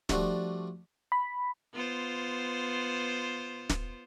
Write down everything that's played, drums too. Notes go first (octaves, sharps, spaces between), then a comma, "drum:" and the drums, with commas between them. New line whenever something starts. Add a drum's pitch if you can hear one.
F3 G3 A3 D4 F#4, drum: snare
B5
B3 F4 C5
drum: snare